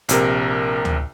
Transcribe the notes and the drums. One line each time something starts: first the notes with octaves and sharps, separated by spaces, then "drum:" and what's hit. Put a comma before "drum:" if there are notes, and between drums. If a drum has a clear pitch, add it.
A#1 C3 A#4, drum: hi-hat
drum: tom D2